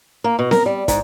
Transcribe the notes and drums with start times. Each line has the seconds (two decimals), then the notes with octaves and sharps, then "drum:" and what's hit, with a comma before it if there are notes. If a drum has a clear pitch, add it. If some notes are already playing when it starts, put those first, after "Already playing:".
0.24 A#3
0.39 B2
0.51 A#4, drum: snare C4
0.66 G3
0.88 G#2, drum: kick, hi-hat